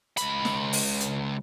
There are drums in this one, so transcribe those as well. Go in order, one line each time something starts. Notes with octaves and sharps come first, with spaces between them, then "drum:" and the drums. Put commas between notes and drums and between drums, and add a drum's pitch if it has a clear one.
C#2 B5, drum: hi-hat
drum: snare
drum: open hi-hat
drum: hi-hat